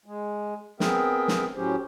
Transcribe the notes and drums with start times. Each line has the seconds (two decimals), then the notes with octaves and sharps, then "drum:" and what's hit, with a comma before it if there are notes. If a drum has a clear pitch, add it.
0.06 G#3
0.80 B3 C4 G#4 A#4 E5 G5, drum: snare
1.28 drum: snare
1.56 A2 F#3 C#4 G4 C5